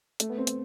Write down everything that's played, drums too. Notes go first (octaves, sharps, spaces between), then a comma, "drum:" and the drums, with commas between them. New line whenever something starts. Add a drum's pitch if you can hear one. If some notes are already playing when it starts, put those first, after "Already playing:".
A3, drum: hi-hat
B3
C4
drum: hi-hat